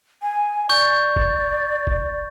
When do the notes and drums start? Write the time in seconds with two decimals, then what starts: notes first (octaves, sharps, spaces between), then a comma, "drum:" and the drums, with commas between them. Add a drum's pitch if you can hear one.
0.22 G#5
0.69 D5 C#6 G6
1.16 drum: kick F#1
1.87 drum: kick F#1